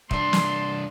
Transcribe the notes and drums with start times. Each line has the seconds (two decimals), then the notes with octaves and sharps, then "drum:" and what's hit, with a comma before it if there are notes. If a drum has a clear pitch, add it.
0.11 C2 D4 C6, drum: kick D#1
0.33 drum: snare